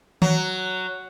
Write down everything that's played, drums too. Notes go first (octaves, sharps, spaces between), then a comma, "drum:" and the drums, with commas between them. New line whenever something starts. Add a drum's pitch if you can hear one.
F#3, drum: tom D#3